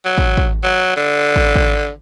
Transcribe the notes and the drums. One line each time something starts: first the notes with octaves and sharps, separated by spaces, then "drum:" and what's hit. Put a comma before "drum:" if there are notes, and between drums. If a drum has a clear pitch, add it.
F#3
drum: kick
drum: kick
F#3
D3
drum: kick
drum: kick